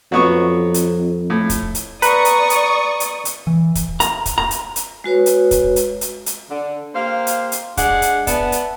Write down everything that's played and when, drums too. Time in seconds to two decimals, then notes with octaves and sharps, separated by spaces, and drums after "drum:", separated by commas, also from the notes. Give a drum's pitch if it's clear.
0.12 F2 F#3 B3 C#6
0.74 drum: hi-hat
1.30 A2
1.50 drum: kick, hi-hat
1.75 drum: hi-hat
2.02 B4 D5 A#5 C#6 D#6, drum: hi-hat
2.25 drum: hi-hat
2.50 drum: hi-hat
3.00 drum: hi-hat
3.25 drum: hi-hat
3.47 E3
3.75 drum: kick, hi-hat
4.00 A#5, drum: hi-hat
4.26 drum: kick, hi-hat
4.38 A#5
4.51 drum: hi-hat
4.76 drum: hi-hat
5.04 G#3 F#4 B4 C#5
5.26 drum: hi-hat
5.51 drum: kick, hi-hat
5.76 drum: hi-hat
6.01 drum: hi-hat
6.26 drum: hi-hat
6.50 D3
6.95 A#3 G4 C5 F5
7.27 drum: hi-hat
7.52 drum: hi-hat
7.77 G#3 D4 F#5, drum: kick, hi-hat
8.02 drum: hi-hat
8.27 B3 D5 E5 F#5 A5, drum: kick, hi-hat
8.52 drum: hi-hat